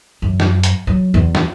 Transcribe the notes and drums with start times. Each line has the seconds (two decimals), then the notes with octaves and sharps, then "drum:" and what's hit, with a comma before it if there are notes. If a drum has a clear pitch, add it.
0.22 F#2
0.40 drum: snare
0.63 drum: hi-hat
0.87 F#3
1.14 E2
1.35 drum: snare